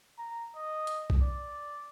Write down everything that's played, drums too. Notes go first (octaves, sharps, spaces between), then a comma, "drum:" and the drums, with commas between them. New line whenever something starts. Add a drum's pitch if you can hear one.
A#5
D#5
drum: hi-hat
drum: kick B1
D5